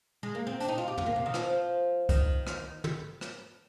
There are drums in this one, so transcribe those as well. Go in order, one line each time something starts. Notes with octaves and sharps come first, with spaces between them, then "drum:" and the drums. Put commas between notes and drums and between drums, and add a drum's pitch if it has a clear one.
G#3
A#3
C4
D4, drum: hi-hat
D#4
F4
G4
F4, drum: tom
A#3
C3
D#3
F3, drum: rim click
D#3, drum: kick C2, hi-hat
drum: rim click
drum: tom
drum: rim click